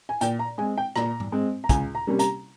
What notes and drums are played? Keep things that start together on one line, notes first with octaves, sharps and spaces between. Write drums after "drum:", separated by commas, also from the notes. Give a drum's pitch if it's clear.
G#5
A#2 G5, drum: hi-hat
A#5
G#3 C4 G#5
G5
A#2 A#5, drum: rim click
drum: tom G#2
G#3 C4
A#5
C#2 G#5, drum: kick, hi-hat
A#5
C3 G3 A#3 C#4
A#5, drum: hi-hat